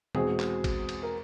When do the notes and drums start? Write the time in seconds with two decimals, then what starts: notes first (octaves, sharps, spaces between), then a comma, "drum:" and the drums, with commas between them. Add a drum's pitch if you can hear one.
0.15 E2 B2 G#3 C4 F#4 G#4, drum: tom B2
0.40 drum: clap
0.64 drum: kick, cymbal
0.89 drum: cymbal
1.03 A#4